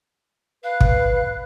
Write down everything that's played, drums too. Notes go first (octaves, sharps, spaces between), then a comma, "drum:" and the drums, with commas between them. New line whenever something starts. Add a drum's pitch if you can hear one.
B4 F5 F#6
drum: kick